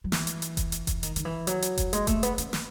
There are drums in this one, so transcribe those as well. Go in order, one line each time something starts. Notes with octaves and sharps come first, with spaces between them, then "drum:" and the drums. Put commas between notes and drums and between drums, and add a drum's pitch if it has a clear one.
F#3
E3, drum: snare
drum: hi-hat
drum: hi-hat
drum: kick F1, hi-hat
drum: hi-hat
drum: kick F1, hi-hat
D#3, drum: hi-hat
D#3, drum: hi-hat
E3
F#3, drum: hi-hat
drum: hi-hat
drum: kick F1, hi-hat
G#3, drum: hi-hat
A3, drum: kick F1, hi-hat
B3, drum: hi-hat
C#4, drum: hi-hat
drum: snare